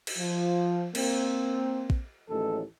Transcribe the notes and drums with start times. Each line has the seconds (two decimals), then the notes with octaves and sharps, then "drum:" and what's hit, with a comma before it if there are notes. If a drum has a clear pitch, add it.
0.07 drum: cymbal
0.18 F3
0.95 A#3 C4, drum: cymbal
1.90 drum: kick
2.29 A1 D#2 A2 F3 G#3 A4